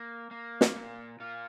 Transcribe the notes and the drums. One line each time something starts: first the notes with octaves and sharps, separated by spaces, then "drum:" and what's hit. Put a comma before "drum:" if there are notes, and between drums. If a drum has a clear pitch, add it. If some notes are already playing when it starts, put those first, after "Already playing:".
Already playing: A#3
A#3
drum: snare
A#2
A#2 F4